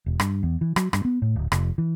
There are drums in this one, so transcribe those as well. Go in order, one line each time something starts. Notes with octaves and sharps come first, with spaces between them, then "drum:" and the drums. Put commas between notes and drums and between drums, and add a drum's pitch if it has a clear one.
E1
G2, drum: rim click
E2
E3
F#3, drum: rim click
G2, drum: rim click
B3
A2
D1
F1, drum: rim click
E3